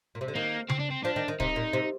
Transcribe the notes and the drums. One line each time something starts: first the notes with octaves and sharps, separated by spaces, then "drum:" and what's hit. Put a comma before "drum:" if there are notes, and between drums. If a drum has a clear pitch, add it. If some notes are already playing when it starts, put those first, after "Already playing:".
A#2
C3
D3
D#3 A#3
C4, drum: tom C#3
D4
C4
F3 D4
D#3
D#3
C3 D#4, drum: kick
A#2
C3